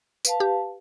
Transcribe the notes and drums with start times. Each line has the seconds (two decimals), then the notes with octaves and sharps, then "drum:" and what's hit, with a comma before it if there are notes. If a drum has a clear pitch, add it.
0.25 B4 F5 A5, drum: tambourine
0.40 G4